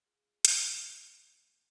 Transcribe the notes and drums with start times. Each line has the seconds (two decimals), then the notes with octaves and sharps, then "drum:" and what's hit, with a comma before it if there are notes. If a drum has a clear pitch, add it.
0.06 F4 G#4
0.45 drum: hi-hat
0.65 C#2 G3 A#3